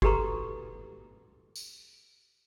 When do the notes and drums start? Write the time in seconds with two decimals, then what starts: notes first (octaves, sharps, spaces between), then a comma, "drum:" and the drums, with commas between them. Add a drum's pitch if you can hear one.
0.02 F#4 G4 A4 B4 A#5 C#6, drum: kick
1.56 drum: tambourine